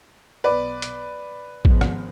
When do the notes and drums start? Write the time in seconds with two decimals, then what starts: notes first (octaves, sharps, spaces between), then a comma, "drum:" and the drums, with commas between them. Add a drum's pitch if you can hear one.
0.44 B1 B2 B3 B4 D5
0.82 drum: hi-hat
1.65 G#1 G#2 F3 G#3 B3, drum: kick A1
1.81 drum: rim click